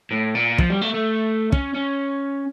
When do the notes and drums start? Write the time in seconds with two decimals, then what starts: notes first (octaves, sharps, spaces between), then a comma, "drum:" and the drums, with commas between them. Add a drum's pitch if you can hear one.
0.11 A2
0.35 A#2
0.58 F3, drum: kick
0.70 G3
0.81 A3
0.94 A3
1.52 C#4, drum: kick
1.75 C#4